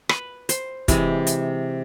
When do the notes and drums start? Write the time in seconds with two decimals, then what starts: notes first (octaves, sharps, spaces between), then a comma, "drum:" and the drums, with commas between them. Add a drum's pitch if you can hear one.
0.09 B4, drum: rim click
0.49 C5, drum: hi-hat
0.88 C3 E3 G#3, drum: kick, hi-hat
1.27 drum: hi-hat